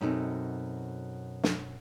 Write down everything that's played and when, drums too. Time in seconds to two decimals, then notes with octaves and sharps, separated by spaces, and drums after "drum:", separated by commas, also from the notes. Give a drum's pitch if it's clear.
0.01 F#2 B2 C4 D#4 A4
1.43 drum: snare